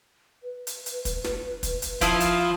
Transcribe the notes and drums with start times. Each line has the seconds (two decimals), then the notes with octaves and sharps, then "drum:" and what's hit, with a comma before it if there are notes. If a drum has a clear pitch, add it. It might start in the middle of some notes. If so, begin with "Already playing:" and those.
0.43 B4
0.67 drum: hi-hat
0.86 drum: hi-hat
1.05 drum: kick, hi-hat
1.24 drum: snare
1.63 drum: kick, hi-hat
1.82 drum: hi-hat
2.01 F3 E4 F5 D#6, drum: kick, hi-hat
2.20 drum: hi-hat